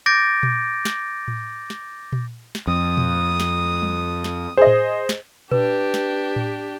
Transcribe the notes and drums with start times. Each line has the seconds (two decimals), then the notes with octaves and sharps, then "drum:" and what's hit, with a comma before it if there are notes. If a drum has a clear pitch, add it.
0.06 D6 G6 A6 A#6 D7
0.43 drum: tom A#2
0.85 drum: snare
1.28 drum: tom A2
1.70 drum: snare
2.12 drum: tom A#2
2.55 drum: snare
2.67 F2 D#6
2.97 drum: tom A#2
3.40 drum: snare
3.82 drum: tom G3
4.24 drum: snare
4.57 G#4 C5 D#5
4.67 drum: tom A2
5.09 drum: snare
5.52 D4 G4 B4, drum: tom A#2
5.94 drum: snare
6.36 drum: tom A2